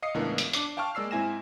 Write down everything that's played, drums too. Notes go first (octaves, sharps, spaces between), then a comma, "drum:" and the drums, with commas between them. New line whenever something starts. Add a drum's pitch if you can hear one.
D#5 F5 D#6 C7 C#7
C#2 A2 E3 B3 D4 A#4
drum: hi-hat
D4 D6 C7, drum: hi-hat
F5 G5 A5 C#6 F6
G#3 A#3 D5 E6 C7
G#2 C4 E4 G#5 A#6 E7